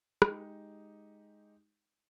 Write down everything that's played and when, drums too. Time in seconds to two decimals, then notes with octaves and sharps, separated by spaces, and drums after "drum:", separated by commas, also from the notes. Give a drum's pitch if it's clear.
0.22 G#3 D#4 G4, drum: rim click